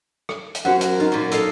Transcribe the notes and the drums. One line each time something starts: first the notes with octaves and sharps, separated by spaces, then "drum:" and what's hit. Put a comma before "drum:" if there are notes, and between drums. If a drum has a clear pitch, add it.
drum: rim click
drum: hi-hat
F#2 F#4 C5 F#5
A#4, drum: hi-hat
D#4 F4 A#4
F#2 A#2
A4 D#5 F5, drum: hi-hat